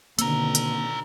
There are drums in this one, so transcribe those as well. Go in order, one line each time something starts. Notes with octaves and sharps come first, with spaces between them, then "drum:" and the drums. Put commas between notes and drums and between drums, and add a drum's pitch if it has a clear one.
B2 D3 D#3 A#3 C4 A4 A#5, drum: hi-hat
drum: hi-hat